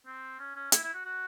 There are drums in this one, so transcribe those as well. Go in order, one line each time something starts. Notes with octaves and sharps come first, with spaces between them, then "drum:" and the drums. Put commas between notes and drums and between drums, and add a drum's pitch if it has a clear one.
C4
C#4
C#4
E4, drum: hi-hat
E4
F#4
F#4